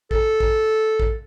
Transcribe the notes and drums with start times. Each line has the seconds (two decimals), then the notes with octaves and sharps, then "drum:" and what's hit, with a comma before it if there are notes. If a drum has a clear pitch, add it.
0.11 A4, drum: kick
0.40 drum: kick
1.00 drum: kick